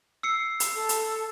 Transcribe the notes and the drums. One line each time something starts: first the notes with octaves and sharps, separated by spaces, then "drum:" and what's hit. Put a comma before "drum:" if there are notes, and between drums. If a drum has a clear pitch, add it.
E6 C7 C#7
drum: hi-hat
A4
drum: hi-hat